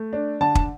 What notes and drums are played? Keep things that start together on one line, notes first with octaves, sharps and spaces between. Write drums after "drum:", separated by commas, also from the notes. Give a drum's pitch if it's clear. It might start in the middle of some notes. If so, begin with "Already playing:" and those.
Already playing: A3
D4
D3 A5
drum: kick